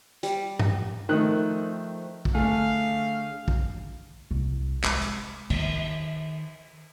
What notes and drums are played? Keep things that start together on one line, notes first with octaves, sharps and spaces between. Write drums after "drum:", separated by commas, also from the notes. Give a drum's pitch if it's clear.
G3, drum: hi-hat
drum: tom G2
D#3 F3 A3 C4 F#6
drum: kick
D3 A3 G#4 F5
drum: kick
C2
G#3, drum: clap
drum: hi-hat
D#3, drum: cymbal